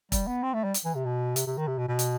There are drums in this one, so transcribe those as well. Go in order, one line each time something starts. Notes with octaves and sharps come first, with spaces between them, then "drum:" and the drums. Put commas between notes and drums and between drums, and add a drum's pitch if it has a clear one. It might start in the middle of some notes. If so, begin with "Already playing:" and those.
G3, drum: kick E1, hi-hat
B3
C4
A3
G3
drum: hi-hat
E3
C3
B2
C3, drum: hi-hat
C3
D#3
C3
B2
B2
drum: hi-hat